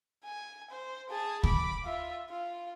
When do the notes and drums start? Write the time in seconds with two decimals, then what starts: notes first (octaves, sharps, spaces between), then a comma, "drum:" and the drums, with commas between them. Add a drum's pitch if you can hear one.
0.24 G#5
0.70 C5
1.09 G#4 A5
1.43 B5 D6, drum: kick
1.84 F4 E5
2.29 F4